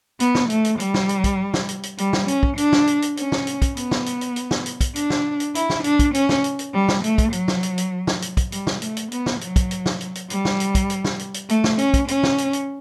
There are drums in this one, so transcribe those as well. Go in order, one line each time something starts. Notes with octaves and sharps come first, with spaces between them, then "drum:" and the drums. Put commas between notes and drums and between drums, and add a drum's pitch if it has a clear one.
B3, drum: hi-hat
drum: snare
A3, drum: hi-hat
drum: hi-hat
G3, drum: hi-hat
drum: snare
drum: hi-hat
drum: kick, hi-hat
drum: snare
drum: hi-hat
drum: hi-hat
G3, drum: hi-hat
drum: snare
C#4, drum: hi-hat
drum: kick
D4, drum: hi-hat
drum: snare
drum: hi-hat
drum: hi-hat
C#4, drum: hi-hat
drum: snare
drum: hi-hat
drum: kick, hi-hat
B3, drum: hi-hat
drum: snare
drum: hi-hat
drum: hi-hat
drum: hi-hat
drum: snare
drum: hi-hat
drum: kick, hi-hat
D4, drum: hi-hat
drum: snare
drum: hi-hat
E4, drum: hi-hat
drum: snare
D4, drum: hi-hat
drum: kick, hi-hat
C#4, drum: hi-hat
drum: snare
drum: hi-hat
drum: hi-hat
G3
drum: snare
A3, drum: hi-hat
drum: kick, hi-hat
F#3, drum: hi-hat
drum: snare
drum: hi-hat
drum: hi-hat
drum: snare
drum: hi-hat
drum: kick, hi-hat
G3, drum: hi-hat
drum: snare
A3, drum: hi-hat
drum: hi-hat
B3, drum: hi-hat
drum: snare
F#3, drum: hi-hat
drum: kick, hi-hat
drum: hi-hat
drum: snare
drum: hi-hat
drum: hi-hat
G3, drum: hi-hat
drum: snare
drum: hi-hat
drum: kick, hi-hat
drum: hi-hat
drum: snare
drum: hi-hat
drum: hi-hat
A3, drum: hi-hat
drum: snare
C#4, drum: hi-hat
drum: kick, hi-hat
C#4, drum: hi-hat
drum: snare
drum: hi-hat
drum: hi-hat